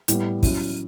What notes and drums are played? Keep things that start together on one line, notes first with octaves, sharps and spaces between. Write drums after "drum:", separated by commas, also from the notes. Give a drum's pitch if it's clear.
A2 G3 B3, drum: hi-hat
F#3 C#4 E4, drum: kick, open hi-hat